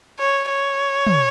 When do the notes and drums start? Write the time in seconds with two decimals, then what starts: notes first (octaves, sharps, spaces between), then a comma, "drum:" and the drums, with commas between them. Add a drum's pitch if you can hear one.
0.19 C#5
0.49 C#5
1.07 drum: tom